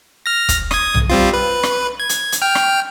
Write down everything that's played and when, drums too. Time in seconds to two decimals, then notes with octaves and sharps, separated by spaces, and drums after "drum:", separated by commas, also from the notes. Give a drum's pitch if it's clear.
0.26 F6 A#6
0.49 drum: kick, hi-hat
0.71 D#6 G#6, drum: rim click
0.94 drum: tom B1
1.10 G3 C4 F4
1.34 B4
1.63 drum: rim click
2.00 G#6
2.09 drum: hi-hat
2.32 drum: hi-hat
2.42 G5 F6
2.55 drum: rim click